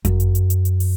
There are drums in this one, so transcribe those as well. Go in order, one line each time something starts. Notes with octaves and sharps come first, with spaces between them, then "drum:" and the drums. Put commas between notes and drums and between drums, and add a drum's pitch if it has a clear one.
F#2, drum: kick G1, hi-hat
drum: hi-hat
drum: hi-hat
drum: hi-hat
drum: hi-hat
drum: open hi-hat